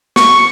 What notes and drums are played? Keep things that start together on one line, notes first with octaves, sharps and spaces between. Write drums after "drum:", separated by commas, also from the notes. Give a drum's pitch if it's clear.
C#6, drum: snare